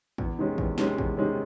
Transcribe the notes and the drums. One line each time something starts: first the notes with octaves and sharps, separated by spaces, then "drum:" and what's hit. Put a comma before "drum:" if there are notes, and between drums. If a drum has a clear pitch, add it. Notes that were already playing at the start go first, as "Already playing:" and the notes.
E2, drum: kick A1
C3 D#3 G#3 C#4
E2, drum: kick A1
C3 D#3 G#3 C#4, drum: snare
E2, drum: kick A1
C3 D#3 G#3 C#4